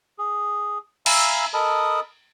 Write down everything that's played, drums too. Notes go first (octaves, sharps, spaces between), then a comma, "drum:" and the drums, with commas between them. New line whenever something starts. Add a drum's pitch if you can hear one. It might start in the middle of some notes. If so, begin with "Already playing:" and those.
G#4
E5 F5 G#5 A#5 B5 E6, drum: cymbal
A4 A#4 D#5 A5 B5 D#6